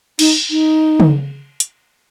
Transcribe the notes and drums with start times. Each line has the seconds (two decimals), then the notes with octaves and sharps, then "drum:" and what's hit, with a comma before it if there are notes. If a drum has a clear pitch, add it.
0.19 D#4, drum: cymbal
0.50 D#4
1.00 drum: tom
1.60 drum: hi-hat